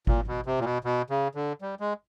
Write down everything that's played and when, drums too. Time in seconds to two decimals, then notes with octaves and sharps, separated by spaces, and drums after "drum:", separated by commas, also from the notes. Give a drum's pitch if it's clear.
0.07 A#2, drum: kick G#1
0.27 B2
0.46 C3
0.60 A#2
0.65 B2
0.84 B2
1.10 C#3
1.35 D3
1.61 G3
1.80 G#3